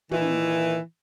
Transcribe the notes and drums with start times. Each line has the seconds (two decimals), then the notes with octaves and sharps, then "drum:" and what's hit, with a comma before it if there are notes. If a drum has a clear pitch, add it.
0.11 A#2 D#3 E3, drum: tom